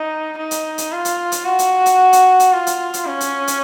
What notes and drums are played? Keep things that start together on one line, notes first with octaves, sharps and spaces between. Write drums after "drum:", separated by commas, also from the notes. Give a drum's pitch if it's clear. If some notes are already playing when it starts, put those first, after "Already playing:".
Already playing: D#4
D#4
drum: hi-hat
drum: hi-hat
F4
drum: hi-hat
drum: hi-hat
F#4
drum: hi-hat
drum: hi-hat
drum: hi-hat
drum: hi-hat
F4
drum: hi-hat
drum: hi-hat
C#4
drum: hi-hat
drum: hi-hat